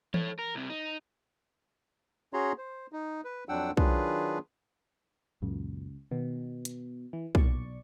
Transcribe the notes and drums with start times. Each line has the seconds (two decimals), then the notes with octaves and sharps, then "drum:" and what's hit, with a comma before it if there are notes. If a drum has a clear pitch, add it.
0.14 A4 C#5, drum: tom E3
0.39 A#4
0.55 C2 C3
0.70 D#4
2.33 C#4 F#4 G#4 C#5 A#5 C6
2.58 C5
2.92 D#4
3.24 B4
3.49 F2 F#3 D4 F#5 G5 E6
3.77 D#3 F#3 D4 F4 G#4 B4, drum: kick
5.42 C#2 F#2 A#2 F#3
6.11 B2 D#3
6.65 drum: hi-hat
7.13 E3
7.35 B1 A#2 D5 C#6, drum: kick